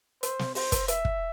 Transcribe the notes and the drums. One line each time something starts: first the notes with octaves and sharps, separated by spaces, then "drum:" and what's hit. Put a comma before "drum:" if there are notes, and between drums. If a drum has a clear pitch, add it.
C5, drum: hi-hat
drum: snare
C5, drum: open hi-hat
drum: kick, hi-hat
E5, drum: hi-hat
drum: kick